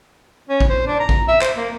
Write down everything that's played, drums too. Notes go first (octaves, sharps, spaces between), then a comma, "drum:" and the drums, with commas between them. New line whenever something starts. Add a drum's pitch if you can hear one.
C#4
drum: kick A1
C5
D4
A#5
drum: kick A1
E5
C5, drum: clap
A#3